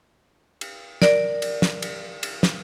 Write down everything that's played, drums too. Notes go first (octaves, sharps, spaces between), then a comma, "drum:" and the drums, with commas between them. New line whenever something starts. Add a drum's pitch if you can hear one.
drum: cymbal
A#4 D5, drum: snare
drum: cymbal
drum: snare
drum: cymbal
drum: cymbal
drum: snare